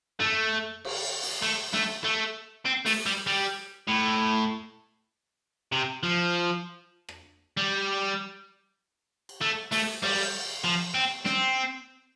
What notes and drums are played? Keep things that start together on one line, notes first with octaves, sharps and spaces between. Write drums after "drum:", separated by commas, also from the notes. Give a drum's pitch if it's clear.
A3, drum: tom
drum: cymbal
drum: open hi-hat
A3
A3, drum: snare
A3
C4
A3, drum: open hi-hat
G3
G3
A2
C3
F3
drum: rim click
G3
drum: cymbal
A3
A3, drum: open hi-hat
G3, drum: cymbal
F3
C4
C4, drum: snare